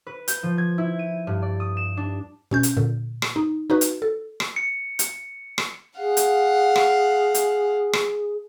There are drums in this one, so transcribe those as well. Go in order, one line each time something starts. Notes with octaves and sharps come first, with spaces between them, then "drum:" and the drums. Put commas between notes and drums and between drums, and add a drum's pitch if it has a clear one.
B4
G6, drum: hi-hat
F3
G#6
E4
D#7
G2
D5
D#6
E7
D4
B2 C#4 G6
drum: hi-hat
A#2 D3
drum: rim click
D#4
D#4 F#4 B4
drum: hi-hat
A4
drum: rim click
C#7
drum: hi-hat
drum: rim click
G#4 F5 F#5
drum: hi-hat
drum: rim click
drum: hi-hat
drum: rim click